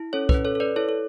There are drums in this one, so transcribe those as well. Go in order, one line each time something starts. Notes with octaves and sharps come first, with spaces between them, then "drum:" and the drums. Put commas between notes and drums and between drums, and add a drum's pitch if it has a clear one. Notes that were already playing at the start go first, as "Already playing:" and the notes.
Already playing: E4
C#4 A4 C#5
B4, drum: kick
C#4
A4 C#5
A4 B4 D5
E4 A4 C#5
A4